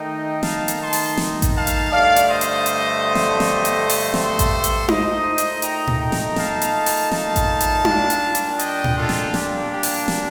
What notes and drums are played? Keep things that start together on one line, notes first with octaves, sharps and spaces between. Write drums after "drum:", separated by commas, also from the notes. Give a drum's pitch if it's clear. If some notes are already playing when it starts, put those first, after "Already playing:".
Already playing: D#3 A3 D#4 D#5 G5
F5 A5, drum: snare
drum: hi-hat
A5 C6
drum: open hi-hat
drum: snare
drum: kick A1, hi-hat
F5 A5
drum: hi-hat
G2 D3 A3 D5 F5
drum: hi-hat
C5 D#5
drum: hi-hat
drum: hi-hat
drum: snare
drum: snare
drum: hi-hat
drum: open hi-hat
A4 C5, drum: snare
drum: kick A1, hi-hat
drum: hi-hat
A#2 A3 D#4 C5 D#5, drum: tom D#4
drum: hi-hat
G5 A#5, drum: hi-hat
drum: tom A2
G5 A#5
drum: snare
F5 A5, drum: snare
drum: hi-hat
drum: open hi-hat
F5 A5, drum: snare
drum: kick A1, hi-hat
drum: hi-hat
A#2 G3 D4, drum: tom D#4
drum: hi-hat
drum: hi-hat
D#5 G5, drum: hi-hat
drum: tom A2
F4 A4
drum: snare
G4, drum: snare
G4
drum: open hi-hat
drum: snare